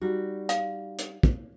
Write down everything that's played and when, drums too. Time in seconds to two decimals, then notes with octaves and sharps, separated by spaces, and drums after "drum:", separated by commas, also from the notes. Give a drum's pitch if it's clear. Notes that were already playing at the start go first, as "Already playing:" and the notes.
0.01 G3 D#4 F#4
0.49 F5, drum: hi-hat
0.99 drum: hi-hat
1.23 drum: kick